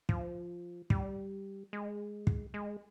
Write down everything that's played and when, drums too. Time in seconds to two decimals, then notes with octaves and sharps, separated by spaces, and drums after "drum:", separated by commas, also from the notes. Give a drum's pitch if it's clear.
0.09 F3, drum: kick
0.90 G3, drum: kick
1.73 G#3
2.27 drum: kick
2.54 G#3